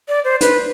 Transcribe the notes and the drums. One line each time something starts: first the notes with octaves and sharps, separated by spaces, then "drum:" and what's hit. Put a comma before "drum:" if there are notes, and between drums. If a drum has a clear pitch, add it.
D5
C5
B4, drum: hi-hat